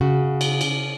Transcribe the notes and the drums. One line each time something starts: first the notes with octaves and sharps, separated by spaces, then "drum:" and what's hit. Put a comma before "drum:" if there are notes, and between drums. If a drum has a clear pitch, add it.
C#3 F#4
drum: cymbal
drum: cymbal